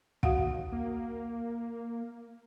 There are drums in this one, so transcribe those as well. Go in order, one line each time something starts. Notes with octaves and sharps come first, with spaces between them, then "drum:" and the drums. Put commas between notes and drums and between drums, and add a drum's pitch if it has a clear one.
D#2 F#4 F5 F#5, drum: kick
A#3